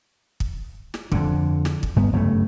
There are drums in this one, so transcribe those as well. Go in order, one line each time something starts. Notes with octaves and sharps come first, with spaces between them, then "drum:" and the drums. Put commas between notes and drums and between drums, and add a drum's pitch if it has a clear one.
drum: kick
drum: snare
F2 D3, drum: kick
drum: snare
drum: kick
G2 B3
F#1 G2 C#3 A3